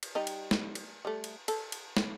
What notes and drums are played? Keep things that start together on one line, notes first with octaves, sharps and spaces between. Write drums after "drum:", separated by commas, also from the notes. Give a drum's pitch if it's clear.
drum: cymbal
G3 D#4
drum: cymbal
drum: snare
drum: cymbal
G3 A3
drum: cymbal
A4, drum: cymbal
drum: cymbal
drum: snare